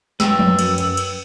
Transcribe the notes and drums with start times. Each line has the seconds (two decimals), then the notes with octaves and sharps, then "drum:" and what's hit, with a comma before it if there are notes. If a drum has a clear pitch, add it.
0.20 F#2 B4 G5 E6, drum: snare
0.39 drum: tom F3
0.59 drum: cymbal
0.78 drum: cymbal
0.97 drum: cymbal